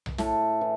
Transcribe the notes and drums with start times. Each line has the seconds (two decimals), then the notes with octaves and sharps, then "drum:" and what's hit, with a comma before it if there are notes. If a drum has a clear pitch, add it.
0.06 drum: tom B1
0.18 A2 A4, drum: snare
0.61 E3